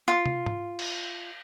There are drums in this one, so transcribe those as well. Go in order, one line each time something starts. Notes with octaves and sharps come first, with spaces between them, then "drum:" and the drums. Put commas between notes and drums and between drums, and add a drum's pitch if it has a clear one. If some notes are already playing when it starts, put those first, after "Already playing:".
F4
drum: tom
drum: tom
drum: cymbal